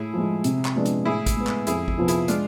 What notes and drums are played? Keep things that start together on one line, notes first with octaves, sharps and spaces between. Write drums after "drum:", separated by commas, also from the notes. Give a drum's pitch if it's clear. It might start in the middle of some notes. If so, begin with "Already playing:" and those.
Already playing: A2 E4 G#4
F3 G#3
C3, drum: hi-hat
drum: clap
F3 G#3 B3 D4
drum: hi-hat
A2 E4 G#4
drum: kick A1, hi-hat
G#3 B3
drum: clap
F2 E4 G#4, drum: hi-hat
drum: kick A1
C3 F3 B3 F4
E4 G#4, drum: hi-hat
G#3 D4 F4, drum: hi-hat